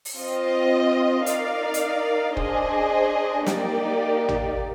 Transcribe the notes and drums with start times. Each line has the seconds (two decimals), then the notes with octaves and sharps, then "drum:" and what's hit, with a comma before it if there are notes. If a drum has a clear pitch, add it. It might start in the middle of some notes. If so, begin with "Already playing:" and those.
0.05 drum: open hi-hat
0.17 C4 F4 C5 D#5
1.26 D#4 A#4 D5 F5, drum: hi-hat
1.74 drum: hi-hat
2.37 D4 G#4 C5 D#5, drum: kick
3.46 A#3 D#4 G4 D5, drum: snare
4.28 drum: tom